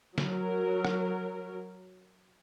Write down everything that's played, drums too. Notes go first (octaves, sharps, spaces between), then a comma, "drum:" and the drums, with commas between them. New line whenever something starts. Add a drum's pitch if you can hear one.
F#3 A#4, drum: snare
drum: rim click